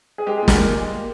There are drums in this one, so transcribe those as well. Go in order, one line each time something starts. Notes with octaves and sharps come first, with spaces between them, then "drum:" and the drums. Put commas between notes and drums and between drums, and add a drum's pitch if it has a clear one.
G#4
G#3 G4
A#2 G#4
G4 A#4, drum: snare
A#2
G#3
A#3